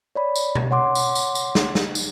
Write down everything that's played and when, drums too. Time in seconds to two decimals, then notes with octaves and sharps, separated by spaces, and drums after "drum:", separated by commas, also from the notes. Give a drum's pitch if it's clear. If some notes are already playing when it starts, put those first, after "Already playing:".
0.15 C#5 D5 B5
0.35 drum: tambourine
0.55 drum: tom B2
0.71 C#5 F#5 C6 D6
0.95 drum: tambourine
1.15 drum: tambourine
1.35 drum: tambourine
1.55 drum: snare
1.75 drum: snare
1.95 drum: tambourine